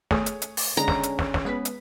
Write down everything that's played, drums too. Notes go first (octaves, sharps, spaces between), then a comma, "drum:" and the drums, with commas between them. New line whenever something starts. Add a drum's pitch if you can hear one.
A3 G#4 C#5 G#5 D#6, drum: snare
drum: hi-hat
drum: hi-hat
drum: open hi-hat
D3 G#3 C#4 A#5
drum: snare
drum: hi-hat
drum: snare
drum: snare
G#3 B3 B4 B6
drum: hi-hat